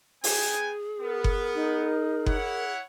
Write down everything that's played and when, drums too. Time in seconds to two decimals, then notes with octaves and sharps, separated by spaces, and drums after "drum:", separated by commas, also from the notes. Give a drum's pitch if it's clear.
0.24 B3 G#4 G5 G#5, drum: open hi-hat
1.00 B3 A#4
1.24 drum: kick F#1
1.55 D#4
2.26 E4 C#5 F#5, drum: kick F#1